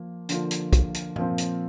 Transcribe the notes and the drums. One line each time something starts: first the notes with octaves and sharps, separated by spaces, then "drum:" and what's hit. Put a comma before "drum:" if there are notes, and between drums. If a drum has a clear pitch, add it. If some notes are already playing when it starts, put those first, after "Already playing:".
Already playing: F3 A#3
D3 F3 A#3 F4, drum: hi-hat
drum: hi-hat
drum: kick, hi-hat
drum: hi-hat
A#2 F3 C4, drum: tom
drum: hi-hat